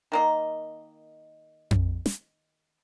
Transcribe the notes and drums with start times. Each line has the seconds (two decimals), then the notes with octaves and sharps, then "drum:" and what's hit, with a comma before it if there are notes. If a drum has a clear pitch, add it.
0.12 D#3 A#3 D#5
1.71 drum: tom F2
2.06 drum: snare